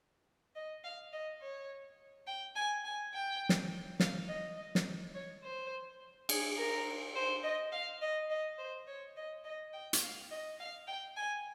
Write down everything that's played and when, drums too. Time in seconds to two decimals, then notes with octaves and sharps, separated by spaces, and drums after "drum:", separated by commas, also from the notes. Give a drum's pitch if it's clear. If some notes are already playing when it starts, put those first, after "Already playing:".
0.55 D#5
0.84 F5
1.13 D#5
1.41 C#5
2.27 G5
2.56 G#5
2.85 G#5
3.14 G5
3.49 drum: snare
4.00 F5, drum: snare
4.28 D#5
4.57 D#5
4.75 drum: snare
5.14 C#5
5.43 C5
6.29 G#4, drum: cymbal
6.57 A#4
7.15 C5
7.43 D#5
7.72 F5
8.01 D#5
8.30 D#5
8.58 C5
8.87 C#5
9.16 D#5
9.44 D#5
9.73 G5
9.93 drum: hi-hat
10.02 F5
10.31 D#5
10.60 F5
10.88 G5
11.17 G#5